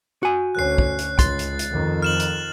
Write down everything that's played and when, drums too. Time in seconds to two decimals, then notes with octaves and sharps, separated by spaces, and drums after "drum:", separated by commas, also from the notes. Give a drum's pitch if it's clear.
0.23 F#4 G#5
0.55 D2 C#4 F#6 C7
0.78 drum: kick
0.99 drum: hi-hat
1.19 C#2 C6 A6, drum: kick, hi-hat
1.39 drum: hi-hat
1.59 drum: hi-hat
1.71 F2 D#3
2.02 F6 E7 F#7
2.20 drum: hi-hat